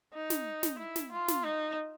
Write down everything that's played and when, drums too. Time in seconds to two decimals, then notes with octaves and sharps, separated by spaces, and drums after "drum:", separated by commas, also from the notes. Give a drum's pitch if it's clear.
0.14 D#4
0.30 drum: snare
0.63 drum: snare
0.79 E4
0.96 drum: snare
1.12 F4
1.28 drum: snare
1.44 D#4